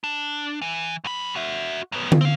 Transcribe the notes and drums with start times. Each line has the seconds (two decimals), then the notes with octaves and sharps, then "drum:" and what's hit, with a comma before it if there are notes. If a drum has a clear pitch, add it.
0.04 D4
0.62 E3
1.04 F#2 B5
1.36 F#4 E5
1.92 F#2 B3
2.12 drum: tom D3
2.21 C4 F5